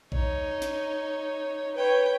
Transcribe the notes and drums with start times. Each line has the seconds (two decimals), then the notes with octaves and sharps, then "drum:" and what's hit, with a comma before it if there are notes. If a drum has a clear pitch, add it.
0.12 D#4 C#5, drum: kick A#1
0.62 drum: snare
1.76 B4 C#5 G5